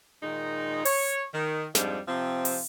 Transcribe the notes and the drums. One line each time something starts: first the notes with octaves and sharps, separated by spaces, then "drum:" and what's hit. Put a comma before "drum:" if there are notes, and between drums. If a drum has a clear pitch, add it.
A#2 D#3 G#3 D#4
C#5, drum: open hi-hat
D#3
F2 G#2 F3 G3 D4, drum: snare
C3 F3 C4
drum: open hi-hat